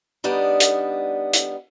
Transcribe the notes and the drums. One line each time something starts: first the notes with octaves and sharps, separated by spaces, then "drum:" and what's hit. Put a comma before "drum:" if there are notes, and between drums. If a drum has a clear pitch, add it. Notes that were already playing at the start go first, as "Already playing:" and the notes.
G3 B3 D4 D#4
drum: hi-hat
drum: hi-hat